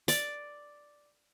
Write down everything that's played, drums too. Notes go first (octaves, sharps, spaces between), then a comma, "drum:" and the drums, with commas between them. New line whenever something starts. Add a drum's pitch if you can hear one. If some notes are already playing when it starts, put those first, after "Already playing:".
D5, drum: hi-hat